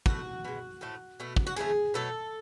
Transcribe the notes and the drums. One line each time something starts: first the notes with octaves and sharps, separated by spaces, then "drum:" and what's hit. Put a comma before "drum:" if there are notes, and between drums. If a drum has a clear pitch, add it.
B2 A3 F#4, drum: kick
B2 G#3
A2 F3 A3
B2 A3
drum: kick
F#4
C#3 F3 A3 G#4
B2 F#3 A3 A4